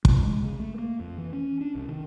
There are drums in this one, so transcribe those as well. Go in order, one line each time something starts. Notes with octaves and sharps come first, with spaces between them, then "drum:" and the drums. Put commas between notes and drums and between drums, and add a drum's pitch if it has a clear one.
A#2, drum: kick
G#3
C#3
A3
A#3
F2
E3
C#4
D4
C2
D#3